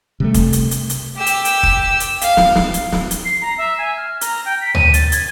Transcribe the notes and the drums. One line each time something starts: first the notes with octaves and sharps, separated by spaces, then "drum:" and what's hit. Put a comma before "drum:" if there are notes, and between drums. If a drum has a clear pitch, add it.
C3 G3 A3
drum: kick, hi-hat
drum: hi-hat
drum: hi-hat
drum: hi-hat
G4 E6
drum: hi-hat
drum: hi-hat
drum: kick
drum: hi-hat
F5, drum: hi-hat
drum: snare
drum: snare
drum: hi-hat
drum: snare
drum: hi-hat
C7
A#5
E5
G#5
F6
A#5, drum: hi-hat
G5
B6
D#7, drum: tom
A6, drum: hi-hat
G#6, drum: hi-hat